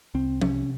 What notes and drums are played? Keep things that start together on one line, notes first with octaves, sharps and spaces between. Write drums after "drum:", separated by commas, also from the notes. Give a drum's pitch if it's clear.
C2 C4
C3 C#4, drum: tom F3